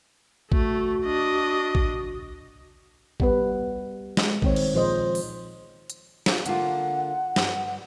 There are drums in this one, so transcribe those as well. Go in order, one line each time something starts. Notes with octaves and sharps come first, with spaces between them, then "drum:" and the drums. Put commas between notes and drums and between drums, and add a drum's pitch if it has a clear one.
A3 F#4, drum: kick A1
D4 D#5
drum: kick A1
G3 B3 B4, drum: kick A1
G#3, drum: snare
D#3 C4 C#5, drum: kick A1
drum: cymbal
A#2 F3 G#4 C5 D#5
drum: open hi-hat
drum: hi-hat
F4, drum: snare
D3 A#3 F4 F#5, drum: hi-hat
G2, drum: snare